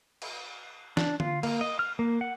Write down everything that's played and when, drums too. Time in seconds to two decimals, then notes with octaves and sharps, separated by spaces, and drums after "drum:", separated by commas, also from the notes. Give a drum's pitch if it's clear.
0.22 drum: cymbal
0.97 D4, drum: snare
1.20 F4, drum: tom D3
1.43 A#3, drum: cymbal
1.61 D#5
1.79 F6
1.99 A#3
2.21 F#5